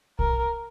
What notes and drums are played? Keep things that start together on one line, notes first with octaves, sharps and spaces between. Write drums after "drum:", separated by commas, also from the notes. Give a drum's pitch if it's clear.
A#4, drum: kick